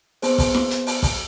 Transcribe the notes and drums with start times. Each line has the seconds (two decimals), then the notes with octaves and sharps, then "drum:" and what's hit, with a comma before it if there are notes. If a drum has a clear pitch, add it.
0.22 B3 G#4 C5, drum: open hi-hat
0.38 drum: kick, open hi-hat
0.54 drum: snare E4
0.70 drum: hi-hat
0.87 drum: open hi-hat
1.03 drum: kick, open hi-hat